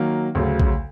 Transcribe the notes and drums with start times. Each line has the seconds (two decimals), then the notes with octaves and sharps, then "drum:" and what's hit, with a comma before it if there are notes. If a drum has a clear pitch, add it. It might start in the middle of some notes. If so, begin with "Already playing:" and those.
Already playing: D#3 F#3 A#3
0.35 D2 C#3 F#3
0.60 drum: kick A#1